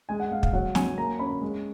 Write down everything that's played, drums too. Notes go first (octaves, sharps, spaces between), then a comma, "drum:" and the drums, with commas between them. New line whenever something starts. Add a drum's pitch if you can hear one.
G#3 G#5
F#5
G#3 F5
F5, drum: kick
F#3 F#5
F#3 G#5, drum: snare
A#3 A#5
C#4 B5
G#3